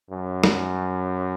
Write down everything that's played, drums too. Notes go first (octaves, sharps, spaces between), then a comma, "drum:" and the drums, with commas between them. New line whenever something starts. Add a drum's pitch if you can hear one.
F#2
drum: snare